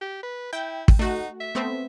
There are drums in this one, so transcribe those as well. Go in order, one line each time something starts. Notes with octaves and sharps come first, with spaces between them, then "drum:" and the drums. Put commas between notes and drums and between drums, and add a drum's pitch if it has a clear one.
G4
B4
E4 G5
drum: kick
A3 D#4 F#4
E5
A3 B3 C4